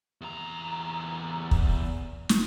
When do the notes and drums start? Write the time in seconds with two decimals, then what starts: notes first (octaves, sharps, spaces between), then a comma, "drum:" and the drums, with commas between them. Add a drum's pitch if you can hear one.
0.21 E2 A#5
1.51 drum: kick
2.29 drum: snare